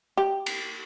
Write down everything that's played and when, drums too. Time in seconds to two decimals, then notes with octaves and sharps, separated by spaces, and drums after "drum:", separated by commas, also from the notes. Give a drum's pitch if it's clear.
0.17 G4
0.46 drum: cymbal